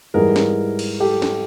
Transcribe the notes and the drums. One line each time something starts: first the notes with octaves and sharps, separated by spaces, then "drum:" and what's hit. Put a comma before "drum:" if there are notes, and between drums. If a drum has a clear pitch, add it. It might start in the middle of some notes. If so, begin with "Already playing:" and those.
G#2 E3 G3 G#4 A#4
drum: snare
drum: cymbal
G4 A4
drum: snare